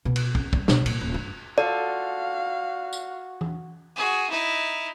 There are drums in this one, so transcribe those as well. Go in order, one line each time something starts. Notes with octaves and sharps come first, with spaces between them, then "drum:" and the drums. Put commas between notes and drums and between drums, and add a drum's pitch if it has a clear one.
B2
drum: cymbal
F#2, drum: kick
G3, drum: kick
B2, drum: snare
A#2, drum: cymbal
D#1
G2
F4 F#4 A4 D5 F5
drum: tambourine
drum: tom E3
F#4 G#4
D#4 E4